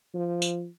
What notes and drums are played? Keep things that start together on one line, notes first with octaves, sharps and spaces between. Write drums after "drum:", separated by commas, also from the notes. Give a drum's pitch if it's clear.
F3
drum: tambourine